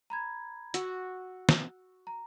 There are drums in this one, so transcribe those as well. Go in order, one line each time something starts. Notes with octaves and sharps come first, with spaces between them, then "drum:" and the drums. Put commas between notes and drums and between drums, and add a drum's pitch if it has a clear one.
A#5 B5 G#6
F#4 E6, drum: hi-hat
drum: snare
A#5